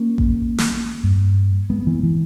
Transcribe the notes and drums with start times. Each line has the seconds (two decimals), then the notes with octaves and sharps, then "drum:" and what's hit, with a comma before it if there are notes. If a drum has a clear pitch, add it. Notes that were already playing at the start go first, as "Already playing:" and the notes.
Already playing: A#3 C#4
0.18 drum: kick A1
0.58 drum: snare
1.04 G2
1.70 G#3 B3
1.87 E3
2.03 E3